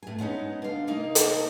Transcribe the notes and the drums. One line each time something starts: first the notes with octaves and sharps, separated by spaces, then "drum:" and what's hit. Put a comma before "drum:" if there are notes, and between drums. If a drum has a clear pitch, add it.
A2 G#5
G#3 B3 C#4 D#4
D3 F5
C3 A#3 D#4 D#5
drum: hi-hat